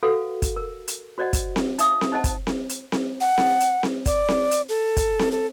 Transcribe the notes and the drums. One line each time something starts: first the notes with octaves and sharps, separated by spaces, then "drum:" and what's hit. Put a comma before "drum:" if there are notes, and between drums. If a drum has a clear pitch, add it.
F#4 A4 B4 F5 F#5
drum: kick, hi-hat
A#4
drum: hi-hat
F#4 C5 D5 D#5 F#5
drum: kick, hi-hat
drum: snare C4
D#4 E5 F5 D#6, drum: hi-hat
drum: snare C4
D#4 C5 D#5 F#5 A5
drum: kick, hi-hat
drum: snare C4
drum: hi-hat
drum: snare C4
F#5
drum: snare C4
drum: hi-hat
drum: snare C4
D5, drum: kick, hi-hat
drum: snare C4
drum: hi-hat
A4
drum: kick, hi-hat
drum: snare C4
A4